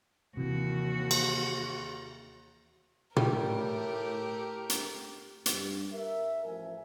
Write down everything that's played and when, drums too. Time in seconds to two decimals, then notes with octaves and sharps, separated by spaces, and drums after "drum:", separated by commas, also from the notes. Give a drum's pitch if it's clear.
0.37 D#2 C3 E3 F#4
1.11 drum: cymbal
3.17 A2 G3 A3 G4 A#4, drum: tom
4.70 drum: hi-hat
5.46 G2, drum: hi-hat
5.93 A#4 E5
6.44 A1 F3 G#5